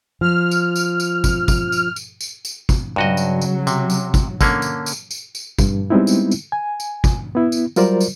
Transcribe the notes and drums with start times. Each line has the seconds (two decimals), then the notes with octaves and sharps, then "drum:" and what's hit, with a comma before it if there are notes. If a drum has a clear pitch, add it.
0.21 F3 F6
0.51 drum: tambourine
0.76 drum: tambourine
1.00 drum: tambourine
1.24 drum: kick, tambourine
1.48 drum: kick, tambourine
1.72 drum: tambourine
1.96 drum: tambourine
2.21 drum: tambourine
2.45 drum: tambourine
2.69 drum: kick, tambourine
2.96 G2 C#3 F#3 F#4 D#5
3.17 drum: tambourine
3.41 drum: tambourine
3.67 C3, drum: tambourine
3.90 drum: tambourine
4.14 drum: kick, tambourine
4.41 D3 A#3 C#4, drum: kick, tambourine
4.62 drum: tambourine
4.86 drum: tambourine
5.11 drum: tambourine
5.35 drum: tambourine
5.58 G2, drum: kick, tambourine
5.90 G3 G#3 B3 C4 D#4 E4
6.07 drum: tambourine
6.31 drum: tambourine
6.52 G#5
6.80 drum: tambourine
7.04 drum: kick, tambourine
7.35 B3 E4
7.52 drum: tambourine
7.76 F#3 G3 F4 A#4 C5 D5, drum: tambourine
8.01 drum: tambourine